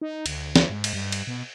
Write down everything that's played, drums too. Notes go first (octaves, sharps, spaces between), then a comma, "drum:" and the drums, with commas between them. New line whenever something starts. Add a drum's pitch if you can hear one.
D#4
D2, drum: cymbal
drum: snare
G#2
drum: cymbal
G2
drum: cymbal
B2